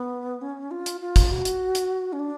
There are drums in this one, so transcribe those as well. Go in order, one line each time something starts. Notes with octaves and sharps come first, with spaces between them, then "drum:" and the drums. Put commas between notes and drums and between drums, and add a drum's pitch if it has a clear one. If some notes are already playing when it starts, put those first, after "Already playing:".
Already playing: B3
C#4
F4
drum: hi-hat
F4
drum: kick, hi-hat
F#4
drum: hi-hat
drum: hi-hat
C#4
D4